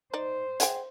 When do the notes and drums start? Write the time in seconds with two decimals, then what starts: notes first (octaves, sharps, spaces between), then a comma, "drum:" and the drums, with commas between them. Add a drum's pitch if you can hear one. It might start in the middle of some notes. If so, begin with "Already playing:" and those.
0.14 D#4 C5 D5
0.60 G#4 F#5 G5, drum: hi-hat